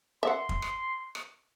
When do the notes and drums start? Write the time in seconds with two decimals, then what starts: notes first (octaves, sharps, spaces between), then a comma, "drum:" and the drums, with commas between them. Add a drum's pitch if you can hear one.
0.23 E5 F#5 C6
0.49 drum: kick
0.62 drum: rim click
1.15 drum: rim click